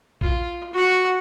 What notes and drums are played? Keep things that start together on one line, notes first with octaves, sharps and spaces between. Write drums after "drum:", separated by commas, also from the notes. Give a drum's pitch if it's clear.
F4, drum: kick
F#4 F#5